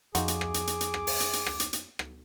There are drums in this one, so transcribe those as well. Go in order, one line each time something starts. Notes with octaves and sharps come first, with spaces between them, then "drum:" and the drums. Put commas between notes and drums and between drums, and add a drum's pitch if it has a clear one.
F2 D#4 F4 F#4 G#4 D6, drum: hi-hat
drum: hi-hat
drum: rim click
drum: hi-hat
drum: hi-hat
drum: hi-hat
drum: rim click
drum: open hi-hat
drum: hi-hat
drum: hi-hat
drum: rim click
drum: hi-hat
drum: hi-hat
drum: rim click